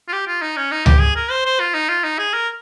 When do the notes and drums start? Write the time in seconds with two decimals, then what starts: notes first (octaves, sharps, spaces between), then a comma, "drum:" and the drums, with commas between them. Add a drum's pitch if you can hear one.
0.08 F4
0.13 G4
0.27 F4
0.42 D#4
0.56 C#4
0.71 D#4
0.86 G4, drum: tom C#2
1.01 G#4
1.15 A#4
1.30 C5
1.45 C5
1.60 F4
1.74 D#4
1.89 F4
2.04 D#4
2.19 G#4
2.33 A#4